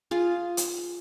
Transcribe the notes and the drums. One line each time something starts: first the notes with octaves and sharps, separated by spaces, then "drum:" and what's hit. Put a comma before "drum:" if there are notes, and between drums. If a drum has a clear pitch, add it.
F4 G#4
drum: hi-hat